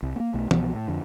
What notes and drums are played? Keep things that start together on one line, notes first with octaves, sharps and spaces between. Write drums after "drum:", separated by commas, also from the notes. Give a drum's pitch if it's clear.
C2
A#3 B3
B1 A3
C2 B2 F3 B3, drum: tom E3
A2
F2 D3